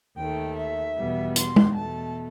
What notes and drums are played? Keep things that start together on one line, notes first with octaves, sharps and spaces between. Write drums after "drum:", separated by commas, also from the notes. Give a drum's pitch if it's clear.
D#2 D#3 A3 G5
E5
E2 B2 G3 B3
C6, drum: hi-hat
drum: tom
E2 B2 A3 A5